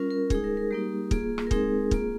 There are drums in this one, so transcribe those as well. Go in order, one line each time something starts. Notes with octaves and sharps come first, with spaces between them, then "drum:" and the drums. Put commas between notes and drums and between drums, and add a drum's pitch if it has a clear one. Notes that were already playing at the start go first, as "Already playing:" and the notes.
Already playing: G3 C#4 F4 A#4
A#4
G#3 D#4 G#4, drum: kick
A#4
A#4
G3 A#3 D#4 G4
A#3 F4 G#4, drum: kick
drum: rim click
A#4
G#3 C4 D#4 G#4, drum: kick
A#3 F4, drum: kick